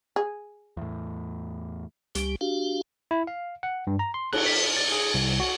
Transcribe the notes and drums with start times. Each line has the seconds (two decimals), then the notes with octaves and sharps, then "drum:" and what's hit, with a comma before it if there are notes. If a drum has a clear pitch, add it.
0.16 G#4
0.77 E2 A2
2.15 C#2 G3 G4, drum: hi-hat
2.41 D4 F#4 G4 F5
3.11 E4
3.27 F5
3.63 F#5
3.87 G2
3.99 A#5
4.14 C6
4.33 F#6, drum: cymbal
4.46 B6
4.77 A6
4.92 G#4
5.14 C2
5.40 F#4